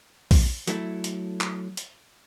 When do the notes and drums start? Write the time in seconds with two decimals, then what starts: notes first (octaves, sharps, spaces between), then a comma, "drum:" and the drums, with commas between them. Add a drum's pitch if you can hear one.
0.31 drum: kick B1, open hi-hat
0.67 F#3 A3 E4 A4, drum: hi-hat
1.04 drum: hi-hat
1.41 drum: clap
1.77 drum: hi-hat